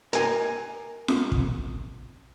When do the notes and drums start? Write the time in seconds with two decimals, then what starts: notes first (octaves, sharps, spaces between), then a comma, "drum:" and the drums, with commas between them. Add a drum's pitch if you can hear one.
0.13 A#4 G#5, drum: hi-hat
1.08 drum: snare F4
1.32 drum: kick